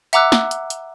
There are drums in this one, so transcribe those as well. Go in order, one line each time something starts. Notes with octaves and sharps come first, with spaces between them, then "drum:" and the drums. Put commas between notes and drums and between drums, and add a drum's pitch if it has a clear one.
E5 F#5 A#5 D6 E6 F#6, drum: hi-hat
drum: snare
drum: hi-hat
drum: hi-hat